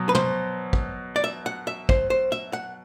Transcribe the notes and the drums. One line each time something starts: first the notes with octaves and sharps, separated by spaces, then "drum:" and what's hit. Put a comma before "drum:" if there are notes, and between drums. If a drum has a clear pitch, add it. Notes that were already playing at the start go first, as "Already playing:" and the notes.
Already playing: B2 F#3
B4
C5, drum: tom
drum: kick
D5
E5
F#5
E5
C5, drum: kick
C5
E5
F#5